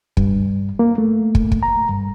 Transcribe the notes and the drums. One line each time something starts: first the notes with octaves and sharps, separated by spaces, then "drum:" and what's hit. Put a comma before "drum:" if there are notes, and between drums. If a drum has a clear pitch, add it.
G2, drum: kick
A#3
A3
drum: kick
drum: kick
A#5
G2